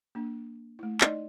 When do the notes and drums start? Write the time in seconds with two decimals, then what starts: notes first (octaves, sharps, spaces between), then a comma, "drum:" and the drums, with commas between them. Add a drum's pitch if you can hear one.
0.15 A#3 D4
0.79 A3 E4
1.01 D#4 D5 D#5, drum: clap